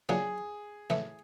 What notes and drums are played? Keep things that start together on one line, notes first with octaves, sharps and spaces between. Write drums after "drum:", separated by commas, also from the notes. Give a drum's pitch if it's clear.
F#3 A#3 D4 F4 G#4, drum: snare
A2 E3 A3, drum: snare